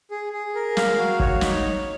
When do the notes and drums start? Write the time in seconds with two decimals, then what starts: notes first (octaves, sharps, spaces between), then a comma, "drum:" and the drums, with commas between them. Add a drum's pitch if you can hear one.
0.11 G#4
0.33 G#4
0.55 A#4
0.77 F5, drum: snare
0.98 F#4
1.20 C#5, drum: kick
1.41 D#4, drum: snare
1.63 C#5